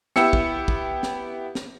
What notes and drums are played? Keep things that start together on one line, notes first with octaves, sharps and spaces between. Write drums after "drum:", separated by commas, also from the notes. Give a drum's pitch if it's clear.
B3 E4 G4 E6 C#7, drum: snare
drum: kick
drum: kick
drum: snare
drum: snare